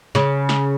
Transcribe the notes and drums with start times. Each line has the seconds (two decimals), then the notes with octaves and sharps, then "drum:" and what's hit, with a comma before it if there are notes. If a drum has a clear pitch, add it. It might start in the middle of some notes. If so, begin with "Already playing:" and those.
0.15 C#3, drum: snare
0.49 drum: snare